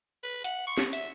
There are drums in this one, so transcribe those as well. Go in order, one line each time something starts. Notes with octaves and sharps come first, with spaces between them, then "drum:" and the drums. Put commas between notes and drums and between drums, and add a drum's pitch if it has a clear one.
B4
F#5, drum: hi-hat
C#6
drum: snare
E5, drum: hi-hat